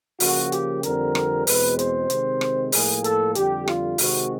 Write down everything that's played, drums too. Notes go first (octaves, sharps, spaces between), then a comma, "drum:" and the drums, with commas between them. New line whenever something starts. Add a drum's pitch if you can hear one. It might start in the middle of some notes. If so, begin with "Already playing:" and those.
C#3 F3 A#3 F#4, drum: open hi-hat
G4, drum: hi-hat
F2 D3 G3 C4 A#4, drum: hi-hat
drum: rim click
E2 B2 G#3 C4 B4, drum: open hi-hat
C5, drum: hi-hat
C3 D#3 G#3 C4, drum: hi-hat
drum: rim click
A2 F3 A#3 G#4, drum: open hi-hat
A4, drum: hi-hat
F2 D3 G3 G4, drum: hi-hat
F4, drum: rim click
C3 D#3 G#3 C4 F#4, drum: open hi-hat